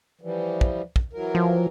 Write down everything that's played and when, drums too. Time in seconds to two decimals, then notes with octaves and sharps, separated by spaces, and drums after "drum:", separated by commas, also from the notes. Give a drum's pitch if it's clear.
0.21 E3 F3 G3
0.61 drum: kick
0.96 drum: kick
1.13 E3 F#3 A#4
1.35 F3